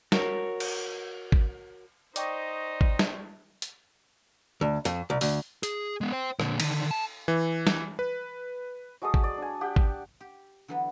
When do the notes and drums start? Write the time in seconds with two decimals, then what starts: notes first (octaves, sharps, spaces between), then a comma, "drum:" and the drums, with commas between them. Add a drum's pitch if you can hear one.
0.12 F#4 A#4 C#5, drum: snare
0.60 drum: cymbal
1.32 drum: kick G#1
2.16 D#4 C5 D5 D#5 G5 C#6, drum: hi-hat
2.81 drum: kick G#1
2.99 drum: snare
3.62 drum: hi-hat
4.61 D2
4.85 F2, drum: hi-hat
5.10 C2
5.21 D2, drum: open hi-hat
5.63 G#4, drum: hi-hat
6.01 G#3 B3
6.12 C5 G5
6.40 A#2 D3, drum: rim click
6.60 D3 D#3, drum: cymbal
6.91 A5
7.28 E3
7.67 drum: snare
7.99 B4
9.02 F#3 G#3 A4 D#6
9.14 drum: kick G#1
9.24 D5
9.38 D4 G#5
9.61 G4 F#5 G5
9.76 drum: kick G#1
10.20 G4
10.68 D3 E3 F#3 B3 B4